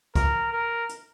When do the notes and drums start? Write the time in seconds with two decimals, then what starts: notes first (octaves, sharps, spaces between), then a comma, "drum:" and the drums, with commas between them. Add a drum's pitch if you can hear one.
0.15 A#4, drum: kick C2, hi-hat
0.53 A#4
0.89 drum: hi-hat